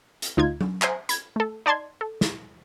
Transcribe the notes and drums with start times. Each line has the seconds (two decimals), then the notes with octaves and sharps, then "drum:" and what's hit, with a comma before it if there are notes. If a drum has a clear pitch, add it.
0.22 drum: hi-hat
0.37 D2 D#4 F4 G#6
0.61 drum: tom F#3
0.82 C5 E5 G#5 A#5, drum: clap
1.09 B5 G#6, drum: hi-hat
1.36 A3 A4
1.66 D#4 D5 A5 C6 G#6
2.01 A4
2.21 drum: snare